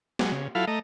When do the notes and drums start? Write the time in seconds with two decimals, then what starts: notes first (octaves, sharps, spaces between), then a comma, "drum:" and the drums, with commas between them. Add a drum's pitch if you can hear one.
0.19 F#3 G#3, drum: snare
0.32 C#3
0.55 F#3 E4 F4 A4 F5 B5
0.67 A3 D#5 A#5